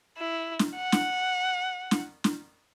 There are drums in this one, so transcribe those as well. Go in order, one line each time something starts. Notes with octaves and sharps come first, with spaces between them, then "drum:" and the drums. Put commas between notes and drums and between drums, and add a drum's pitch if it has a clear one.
E4
drum: snare
F#5
drum: snare
drum: snare
drum: snare